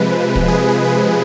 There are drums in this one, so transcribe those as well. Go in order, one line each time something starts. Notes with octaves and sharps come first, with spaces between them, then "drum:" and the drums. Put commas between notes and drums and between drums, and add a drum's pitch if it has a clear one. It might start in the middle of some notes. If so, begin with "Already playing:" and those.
Already playing: C3 F3 G#3 B4
drum: kick
G#4
B4